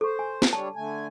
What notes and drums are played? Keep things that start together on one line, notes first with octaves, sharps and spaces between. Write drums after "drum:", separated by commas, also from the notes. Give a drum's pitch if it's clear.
A4 C5 C#6
G#5
drum: snare
G3 D4 C#5 A5
D3 A3 G#5